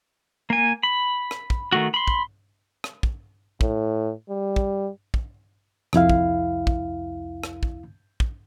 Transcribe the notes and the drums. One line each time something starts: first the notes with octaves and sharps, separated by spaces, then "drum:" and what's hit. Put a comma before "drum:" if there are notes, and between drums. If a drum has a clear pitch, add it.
A#3 G#5
B5
drum: rim click
drum: kick
D#3 A3 F#4
B5 C6
drum: kick
drum: rim click
drum: kick
A2, drum: kick
G3
drum: kick
drum: kick
C2 F2 E4 F5, drum: rim click
drum: kick
drum: kick
drum: rim click
drum: kick
drum: kick